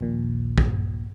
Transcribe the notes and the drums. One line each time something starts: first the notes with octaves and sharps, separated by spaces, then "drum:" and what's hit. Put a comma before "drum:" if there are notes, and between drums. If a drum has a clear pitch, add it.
A#1 D#2 A#2
drum: kick